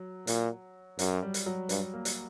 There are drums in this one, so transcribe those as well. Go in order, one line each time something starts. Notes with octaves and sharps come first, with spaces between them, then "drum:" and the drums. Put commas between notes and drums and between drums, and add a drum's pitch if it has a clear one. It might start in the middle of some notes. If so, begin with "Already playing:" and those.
Already playing: F#3
A#2, drum: hi-hat
F#2 F#3, drum: hi-hat
G3
drum: hi-hat
F#3
G2 G3, drum: hi-hat
A#3
drum: hi-hat